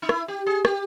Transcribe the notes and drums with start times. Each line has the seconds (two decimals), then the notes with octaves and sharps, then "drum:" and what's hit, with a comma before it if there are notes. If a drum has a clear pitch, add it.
0.02 D#4
0.09 E4, drum: rim click
0.28 G4
0.46 G#4
0.65 G4, drum: rim click